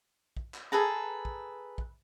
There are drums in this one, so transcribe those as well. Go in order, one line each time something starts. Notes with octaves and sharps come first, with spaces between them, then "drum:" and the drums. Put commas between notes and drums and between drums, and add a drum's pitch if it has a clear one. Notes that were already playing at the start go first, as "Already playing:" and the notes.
drum: kick
drum: clap
G#4 A4 B4 A#5
drum: kick
drum: kick